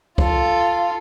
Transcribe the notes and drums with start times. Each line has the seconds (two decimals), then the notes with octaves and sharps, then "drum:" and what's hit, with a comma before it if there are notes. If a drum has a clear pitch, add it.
0.18 F4 A4, drum: kick